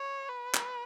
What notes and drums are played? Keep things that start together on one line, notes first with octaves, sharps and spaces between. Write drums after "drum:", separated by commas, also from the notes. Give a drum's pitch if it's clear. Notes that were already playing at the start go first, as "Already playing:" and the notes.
Already playing: C#5
B4
drum: clap